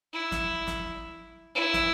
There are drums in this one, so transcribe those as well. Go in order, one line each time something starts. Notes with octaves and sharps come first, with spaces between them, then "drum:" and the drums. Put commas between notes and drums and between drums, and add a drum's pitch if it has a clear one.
E4
drum: snare
drum: snare
E4
drum: snare